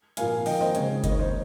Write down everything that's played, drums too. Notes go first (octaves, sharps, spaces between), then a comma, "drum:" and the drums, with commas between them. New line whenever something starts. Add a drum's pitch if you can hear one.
A#2 F3 A#3 F5 G#5, drum: hi-hat
D#3 A#3 D#5 G5, drum: open hi-hat
C5 D#5
C#3 G#3 C#5, drum: hi-hat
D#3 A#3 D#5, drum: kick F#1, hi-hat
C#5
C5 D#5